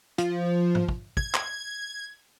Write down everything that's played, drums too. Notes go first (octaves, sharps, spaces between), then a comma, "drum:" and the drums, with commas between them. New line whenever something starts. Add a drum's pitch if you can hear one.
F3, drum: hi-hat
drum: tom G#2
drum: kick
G#6, drum: kick
drum: clap